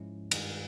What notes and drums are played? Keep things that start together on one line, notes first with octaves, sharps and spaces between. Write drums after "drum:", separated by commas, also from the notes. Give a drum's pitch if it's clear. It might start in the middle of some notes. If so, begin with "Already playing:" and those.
Already playing: G#2 F3 G#3 C#4 E4
G2 D#3 G#3, drum: cymbal